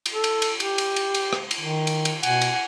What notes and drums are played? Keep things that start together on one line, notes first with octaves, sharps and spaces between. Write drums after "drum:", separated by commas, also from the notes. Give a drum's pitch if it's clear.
drum: cymbal
A4
drum: cymbal
drum: cymbal
G4, drum: cymbal
drum: cymbal
drum: cymbal
drum: cymbal
drum: rim click
drum: cymbal
D#3
drum: cymbal
drum: cymbal
B2 F#5 G#5, drum: cymbal
drum: cymbal